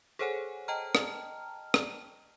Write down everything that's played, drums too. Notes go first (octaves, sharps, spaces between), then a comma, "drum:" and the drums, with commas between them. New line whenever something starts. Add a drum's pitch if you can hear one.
G#4 A4 C5 C#5 F#5 G#5
D#5 G5 A5 A#5 F6
drum: rim click
drum: rim click